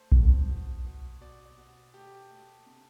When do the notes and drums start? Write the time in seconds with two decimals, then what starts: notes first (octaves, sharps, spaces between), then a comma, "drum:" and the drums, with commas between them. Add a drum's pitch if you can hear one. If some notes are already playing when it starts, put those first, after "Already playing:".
Already playing: A3 C5
0.12 B2, drum: kick A#1
0.48 B2
0.84 B2
1.21 B2 D5
1.46 D5
1.57 B2
1.94 A3 G4
2.30 A3
2.66 C3